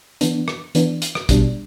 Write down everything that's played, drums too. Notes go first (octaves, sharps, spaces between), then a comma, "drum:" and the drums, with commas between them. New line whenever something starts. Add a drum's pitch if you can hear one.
E3 B3 D4, drum: hi-hat
drum: rim click
E3 B3 D4, drum: hi-hat
drum: hi-hat
drum: rim click
B2 G3 D4, drum: kick A1, hi-hat